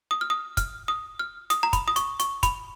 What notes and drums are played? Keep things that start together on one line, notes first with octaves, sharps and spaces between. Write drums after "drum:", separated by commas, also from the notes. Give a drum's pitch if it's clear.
D#6
F6
D#6
F6, drum: kick, hi-hat
D#6
F6
D#6, drum: hi-hat
A#5
B5, drum: kick, hi-hat
D#6
C#6, drum: hi-hat
C#6, drum: hi-hat
B5, drum: kick, hi-hat